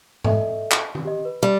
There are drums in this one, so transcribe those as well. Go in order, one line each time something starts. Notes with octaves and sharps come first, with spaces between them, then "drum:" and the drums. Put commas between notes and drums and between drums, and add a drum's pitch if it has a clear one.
A4 D#5 E5, drum: tom G#2
drum: clap
drum: tom
G4 D#5
B4
G3 G4